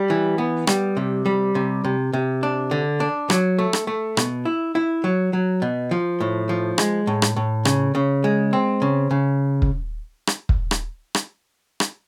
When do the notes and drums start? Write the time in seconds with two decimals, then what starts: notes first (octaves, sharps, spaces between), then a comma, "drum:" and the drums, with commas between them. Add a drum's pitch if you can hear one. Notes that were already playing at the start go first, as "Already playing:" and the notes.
Already playing: G3
0.10 E3
0.38 B3
0.67 G3, drum: rim click
0.97 C3
1.26 G3
1.55 C3
1.85 C3
2.13 C3
2.43 D4
2.71 D3
3.00 D4
3.30 F#3, drum: rim click
3.59 A3
3.73 drum: rim click
3.87 A3
4.17 B2, drum: rim click
4.45 E4
4.75 E4
5.04 F#3
5.33 F#3
5.62 B2
5.91 F3
6.21 A2
6.49 F3
6.78 G#3, drum: rim click
7.07 A2
7.22 drum: rim click
7.36 A2
7.65 C#3, drum: rim click
7.95 C#3
8.24 G#3
8.53 C4
8.82 C#3
9.11 C#3
9.62 drum: kick
10.27 drum: rim click
10.49 drum: kick
10.71 drum: rim click
11.15 drum: rim click
11.80 drum: rim click